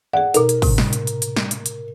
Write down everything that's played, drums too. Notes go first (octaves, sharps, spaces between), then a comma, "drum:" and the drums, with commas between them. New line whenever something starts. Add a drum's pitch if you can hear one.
G#4 D5 F#5
B2 D#4 A#4, drum: hi-hat
drum: hi-hat
A2 C3, drum: kick, open hi-hat
drum: snare
drum: hi-hat
drum: hi-hat
drum: hi-hat
drum: snare
drum: hi-hat
drum: hi-hat